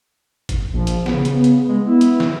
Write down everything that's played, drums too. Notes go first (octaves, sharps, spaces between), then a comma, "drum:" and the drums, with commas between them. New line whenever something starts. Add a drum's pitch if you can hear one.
drum: kick, hi-hat
A#1 F3
drum: hi-hat
C#3 B3, drum: snare
drum: hi-hat
drum: hi-hat
G#3 B3
E4
drum: hi-hat
drum: snare